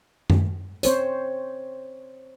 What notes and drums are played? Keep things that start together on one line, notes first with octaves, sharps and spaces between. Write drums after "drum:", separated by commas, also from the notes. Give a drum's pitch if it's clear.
drum: tom F#2
C4 C5 C#5, drum: hi-hat